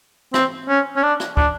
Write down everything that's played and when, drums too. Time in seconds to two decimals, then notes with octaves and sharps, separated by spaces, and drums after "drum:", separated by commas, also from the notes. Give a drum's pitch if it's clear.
0.34 C4, drum: rim click
0.69 C#4
0.97 C#4
1.03 D4
1.20 drum: rim click
1.37 D4, drum: kick